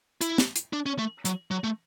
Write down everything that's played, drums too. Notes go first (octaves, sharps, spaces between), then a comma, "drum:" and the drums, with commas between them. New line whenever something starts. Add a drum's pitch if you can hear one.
E4, drum: hi-hat
drum: snare
drum: hi-hat
D4
C#4
A3
F#3, drum: hi-hat
F#3
A3